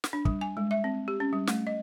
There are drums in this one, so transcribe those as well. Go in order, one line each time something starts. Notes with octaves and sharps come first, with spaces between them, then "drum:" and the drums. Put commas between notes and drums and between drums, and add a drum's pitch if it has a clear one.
drum: snare
D4
G3, drum: kick
G#5
G#3
E5
C4
G4
C#4
G3
A3, drum: snare
D#5